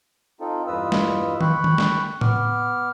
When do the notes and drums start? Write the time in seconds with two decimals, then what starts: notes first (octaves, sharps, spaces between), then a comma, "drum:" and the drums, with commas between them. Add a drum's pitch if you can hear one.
0.41 C4 D#4 F4 A4
0.67 E2 G2 F4 B4 D#5 E6
0.92 drum: snare
1.41 G5 B5 C#6 F#6, drum: tom D#3
1.64 drum: tom D#3
1.78 drum: snare
2.21 B3 D6 F6, drum: tom A2